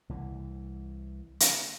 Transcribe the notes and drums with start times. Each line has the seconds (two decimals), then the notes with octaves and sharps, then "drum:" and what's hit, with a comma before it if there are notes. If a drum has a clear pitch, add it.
0.09 C2 E3
1.40 drum: hi-hat